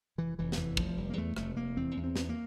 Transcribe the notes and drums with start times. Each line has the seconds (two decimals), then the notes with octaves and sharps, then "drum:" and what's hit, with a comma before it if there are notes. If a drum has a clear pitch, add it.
0.18 F1 E3
0.39 F1 E3
0.52 F3, drum: snare
0.57 E2 E3
0.77 F1 F3, drum: kick
0.97 F1 G3
1.10 A#3
1.17 E2 A3
1.36 F1 A3, drum: rim click
1.56 F1 A#3
1.77 E2 C4
1.97 E2
2.04 C4
2.16 E2, drum: snare
2.29 A#3